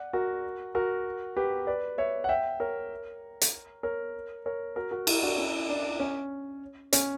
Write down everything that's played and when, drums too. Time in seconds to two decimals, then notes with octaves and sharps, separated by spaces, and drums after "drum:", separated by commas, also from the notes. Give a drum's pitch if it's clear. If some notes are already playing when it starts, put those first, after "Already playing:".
Already playing: D5 F#5
0.13 F#4 A#4
0.75 F#4 A#4
1.37 G4 B4
1.67 B4 D5
1.98 C#5 E5
2.24 F#5
2.29 E5 G5
2.60 A#4 C#5
3.41 drum: hi-hat
3.83 A#4 C#5
4.46 A#4 C#5
4.76 F#4 A#4
4.91 F#4 A#4
5.07 E4 G4, drum: cymbal
5.22 D4 F#4
5.38 C#4 E4
5.69 D4
6.00 C#4
6.93 C#4, drum: hi-hat